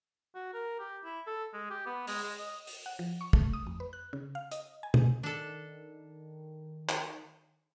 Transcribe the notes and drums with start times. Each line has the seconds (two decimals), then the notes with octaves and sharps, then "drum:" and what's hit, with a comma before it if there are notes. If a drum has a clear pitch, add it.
0.35 F#4
0.53 A#4
0.79 G4
1.04 E4
1.27 A4
1.53 G#3
1.70 G4
1.86 B3
2.07 G#3, drum: open hi-hat
2.23 G#3
2.39 D#5
2.67 drum: open hi-hat
2.86 F#5
2.99 F3
3.21 C#6
3.33 A3, drum: kick
3.53 D#6
3.67 F2
3.80 B4
3.93 F#6
4.13 C#3
4.35 F5
4.52 D#5, drum: hi-hat
4.83 G#5
4.94 drum: tom
5.23 D#3 D4 A4
6.89 drum: clap